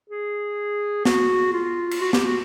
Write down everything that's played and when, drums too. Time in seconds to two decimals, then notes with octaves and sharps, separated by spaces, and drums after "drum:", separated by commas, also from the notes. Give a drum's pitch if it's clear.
0.10 G#4
1.05 F#4, drum: snare
1.53 F4
1.91 drum: cymbal
2.01 F#4
2.13 G4, drum: snare
2.25 F#4